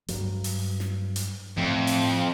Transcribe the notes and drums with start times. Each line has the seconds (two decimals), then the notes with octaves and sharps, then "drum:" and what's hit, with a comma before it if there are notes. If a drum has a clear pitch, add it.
0.08 G2 F#3, drum: hi-hat
0.44 drum: open hi-hat
0.80 drum: snare
1.16 drum: hi-hat
1.57 F2 A2
1.87 drum: open hi-hat